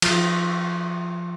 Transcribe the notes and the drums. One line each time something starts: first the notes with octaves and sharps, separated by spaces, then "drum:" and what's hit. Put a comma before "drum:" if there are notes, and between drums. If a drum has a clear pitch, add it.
F3, drum: cymbal